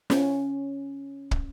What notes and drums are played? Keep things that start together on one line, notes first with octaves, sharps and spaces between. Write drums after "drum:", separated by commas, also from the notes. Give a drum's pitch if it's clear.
C#4, drum: snare
drum: kick